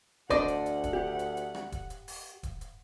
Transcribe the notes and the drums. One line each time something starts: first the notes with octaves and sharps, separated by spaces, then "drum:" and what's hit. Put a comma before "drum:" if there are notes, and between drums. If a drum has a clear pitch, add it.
D2 D4 C5 D5 D#5 F#5, drum: kick D#1, hi-hat
drum: hi-hat
drum: hi-hat
drum: kick D#1, hi-hat
G4
drum: hi-hat
drum: hi-hat
drum: rim click
drum: kick D#1, hi-hat
drum: hi-hat
drum: open hi-hat
drum: kick D#1, hi-hat
drum: hi-hat